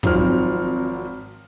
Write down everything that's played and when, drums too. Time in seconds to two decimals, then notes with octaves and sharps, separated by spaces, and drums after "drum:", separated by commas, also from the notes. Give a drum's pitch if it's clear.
0.03 G#1 F3 F#3 C4 D#4 F6, drum: kick